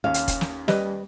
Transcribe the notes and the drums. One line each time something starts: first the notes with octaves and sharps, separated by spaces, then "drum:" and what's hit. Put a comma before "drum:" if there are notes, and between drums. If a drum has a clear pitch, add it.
D#2 C#4 F5
drum: hi-hat
drum: kick F1, hi-hat
drum: snare
G3 B4 D#5, drum: snare